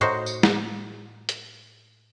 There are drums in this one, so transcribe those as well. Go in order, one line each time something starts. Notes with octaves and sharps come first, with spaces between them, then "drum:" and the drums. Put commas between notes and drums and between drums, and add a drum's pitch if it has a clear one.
A2 D#4 F#4 C5
drum: tambourine
drum: snare
drum: hi-hat